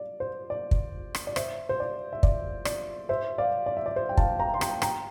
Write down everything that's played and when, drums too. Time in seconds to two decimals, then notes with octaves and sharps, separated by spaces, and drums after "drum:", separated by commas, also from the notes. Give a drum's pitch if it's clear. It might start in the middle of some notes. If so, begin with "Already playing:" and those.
Already playing: D5
0.20 C5
0.50 D5
0.71 drum: kick
1.15 drum: rim click
1.27 D5
1.36 C5 E5, drum: rim click
1.69 C5
1.80 D5
2.13 E5
2.23 D5, drum: kick
2.65 D5, drum: rim click
3.09 C5 E5
3.38 D5 F5
3.66 D5
3.77 E5
3.86 D5
3.96 C5
4.09 G5
4.17 F5 A5, drum: kick
4.39 G5 A#5
4.54 C6
4.61 G5 A#5, drum: rim click
4.82 G5 A#5, drum: rim click